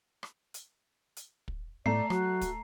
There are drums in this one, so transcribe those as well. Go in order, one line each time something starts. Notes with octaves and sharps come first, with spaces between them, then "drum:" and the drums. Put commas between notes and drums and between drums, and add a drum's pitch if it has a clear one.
drum: rim click
drum: hi-hat
drum: hi-hat
drum: kick
A2 A3 D5 A#5 C7
F#3 F#4, drum: rim click
drum: kick, hi-hat